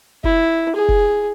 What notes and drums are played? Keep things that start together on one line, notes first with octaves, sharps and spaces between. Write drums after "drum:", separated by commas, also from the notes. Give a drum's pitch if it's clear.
E4, drum: kick F1
G#4
drum: kick F1